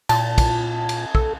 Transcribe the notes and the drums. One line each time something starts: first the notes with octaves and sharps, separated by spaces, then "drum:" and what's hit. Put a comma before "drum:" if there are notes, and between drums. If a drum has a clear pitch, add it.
A#2 A5, drum: cymbal
drum: kick, cymbal
drum: cymbal
A4, drum: kick